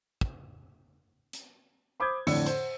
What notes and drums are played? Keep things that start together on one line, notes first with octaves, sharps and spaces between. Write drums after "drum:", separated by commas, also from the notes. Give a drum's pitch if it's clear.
drum: kick
drum: hi-hat
C5 B5 D6 D#6 G6 G#6
F2 A2 D3 D5 E6 C#7, drum: cymbal
C5, drum: hi-hat